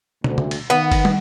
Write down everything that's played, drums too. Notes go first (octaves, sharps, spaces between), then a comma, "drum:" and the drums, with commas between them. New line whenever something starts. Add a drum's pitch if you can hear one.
D2, drum: tom
drum: tom
drum: cymbal
D#3 B3 F#5
drum: kick F#1, cymbal
drum: tom